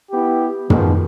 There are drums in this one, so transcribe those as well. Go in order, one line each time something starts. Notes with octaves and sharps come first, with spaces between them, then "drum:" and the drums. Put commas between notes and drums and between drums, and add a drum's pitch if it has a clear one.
B3 E4 G4
B2 D#3 F3 G#3, drum: tom